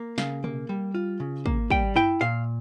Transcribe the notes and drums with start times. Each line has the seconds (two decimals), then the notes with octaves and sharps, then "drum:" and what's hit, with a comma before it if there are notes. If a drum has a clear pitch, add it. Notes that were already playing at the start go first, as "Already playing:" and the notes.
Already playing: A#3
0.18 C#3 F5, drum: snare
0.44 A#3, drum: tom B2
0.69 G3
0.94 F4
1.20 C#3
1.46 A#3, drum: kick
1.70 G3 G5, drum: kick
1.96 E4 G5, drum: tom F#2
2.21 A#2 F5